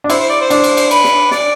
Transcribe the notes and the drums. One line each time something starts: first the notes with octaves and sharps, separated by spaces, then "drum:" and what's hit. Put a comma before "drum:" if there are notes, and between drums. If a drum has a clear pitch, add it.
D4
E4 C5, drum: cymbal
C5
D5
C5
D4, drum: cymbal
drum: cymbal
drum: cymbal
B4, drum: cymbal
drum: snare
D5, drum: snare